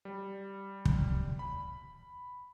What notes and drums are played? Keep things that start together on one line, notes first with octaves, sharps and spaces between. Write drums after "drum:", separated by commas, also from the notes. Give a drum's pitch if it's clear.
G3
drum: kick
B5